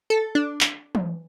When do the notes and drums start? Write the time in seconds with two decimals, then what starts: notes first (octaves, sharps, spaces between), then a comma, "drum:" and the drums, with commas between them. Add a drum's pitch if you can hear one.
0.10 A4
0.35 D4
0.61 drum: clap
0.95 drum: tom E3